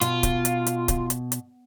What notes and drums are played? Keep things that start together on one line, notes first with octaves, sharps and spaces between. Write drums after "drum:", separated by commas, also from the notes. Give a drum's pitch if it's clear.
B2 F4, drum: hi-hat
drum: kick D1, hi-hat
drum: hi-hat
drum: hi-hat
drum: kick D1, hi-hat
drum: hi-hat
drum: hi-hat